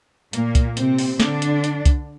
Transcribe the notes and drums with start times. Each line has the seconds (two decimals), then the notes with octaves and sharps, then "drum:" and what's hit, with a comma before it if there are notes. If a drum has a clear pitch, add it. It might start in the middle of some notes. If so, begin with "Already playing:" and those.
0.33 A#2 A#3, drum: hi-hat
0.55 drum: kick C2, hi-hat
0.77 C3 C4, drum: hi-hat
0.98 drum: open hi-hat
1.20 D3 D4, drum: snare
1.42 drum: hi-hat
1.64 drum: hi-hat
1.85 drum: kick C2, hi-hat